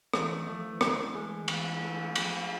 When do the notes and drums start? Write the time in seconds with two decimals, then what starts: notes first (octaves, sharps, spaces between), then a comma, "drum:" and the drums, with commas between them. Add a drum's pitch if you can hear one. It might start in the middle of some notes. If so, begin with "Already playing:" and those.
0.14 E3 A3, drum: rim click
0.47 F3 A3
0.58 F3
0.69 E3
0.81 drum: rim click
1.14 G#3
1.42 D#3
1.48 E3, drum: cymbal
1.82 A3
2.15 F3, drum: cymbal